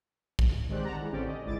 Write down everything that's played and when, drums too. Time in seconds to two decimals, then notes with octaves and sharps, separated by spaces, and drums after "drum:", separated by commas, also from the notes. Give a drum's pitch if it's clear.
0.39 drum: kick A#1
0.69 D#3 G#3 C4 G4 D5 F#6
0.85 F#5 A5 A#5
1.00 E3 G#3
1.12 A1 D3 C4 C#4 G4 D5
1.27 D5 D#5
1.45 G#1 C#2 G#3 E4 D6 A6